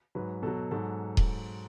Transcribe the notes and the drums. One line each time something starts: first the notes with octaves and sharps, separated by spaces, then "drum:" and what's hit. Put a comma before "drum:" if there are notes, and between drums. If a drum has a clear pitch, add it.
G#2 F#3 B4
B2 F#3 A4
G#2 F#3 A4
drum: kick D#1